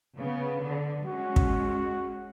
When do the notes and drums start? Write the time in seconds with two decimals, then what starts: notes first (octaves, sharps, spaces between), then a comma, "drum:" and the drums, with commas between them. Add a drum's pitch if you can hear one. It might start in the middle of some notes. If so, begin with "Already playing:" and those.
0.16 C#3 B3
0.63 D3
1.06 G#3 C#4 F#4
1.36 drum: kick